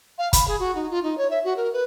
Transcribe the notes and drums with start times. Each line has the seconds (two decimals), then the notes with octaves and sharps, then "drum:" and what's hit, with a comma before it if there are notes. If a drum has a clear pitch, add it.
0.18 F5
0.33 B5, drum: kick, hi-hat
0.48 G#4
0.60 F#4
0.75 D#4
0.90 F4
1.03 D#4
1.18 C#5
1.30 E5
1.44 F#4
1.57 A#4
1.73 B4